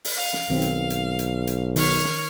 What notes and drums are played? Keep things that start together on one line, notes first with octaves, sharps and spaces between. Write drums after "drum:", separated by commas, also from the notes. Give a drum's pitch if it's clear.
drum: open hi-hat
F5
drum: snare
B1 D#3 C4
drum: hi-hat
drum: hi-hat
drum: hi-hat
drum: hi-hat
D#3 C#5 C#6 F6, drum: open hi-hat
drum: snare